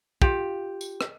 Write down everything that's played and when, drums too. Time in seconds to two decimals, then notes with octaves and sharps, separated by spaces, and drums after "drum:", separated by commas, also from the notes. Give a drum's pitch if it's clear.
0.22 F4 G4, drum: kick
0.81 drum: tambourine
1.01 drum: rim click